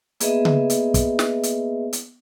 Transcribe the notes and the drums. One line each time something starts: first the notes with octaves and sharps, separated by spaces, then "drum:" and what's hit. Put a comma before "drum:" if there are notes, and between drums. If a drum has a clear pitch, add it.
A#3 B3 G#4 B4 D#5 E5, drum: hi-hat
drum: tom C#3
drum: hi-hat
drum: kick, hi-hat
drum: snare
drum: hi-hat
drum: hi-hat